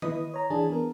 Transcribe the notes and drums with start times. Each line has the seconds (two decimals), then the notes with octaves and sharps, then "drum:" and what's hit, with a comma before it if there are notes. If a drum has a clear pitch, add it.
0.02 E4 B4 D#5 D#6, drum: tom D#3
0.34 C#5 A#5
0.50 E3 D4 G#4 A5
0.70 B3 A#4